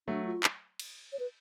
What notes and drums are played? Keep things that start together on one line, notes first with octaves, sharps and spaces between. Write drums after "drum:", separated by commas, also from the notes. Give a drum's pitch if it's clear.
F#3 A3 D4
F4
drum: clap
drum: cymbal
C#5
B4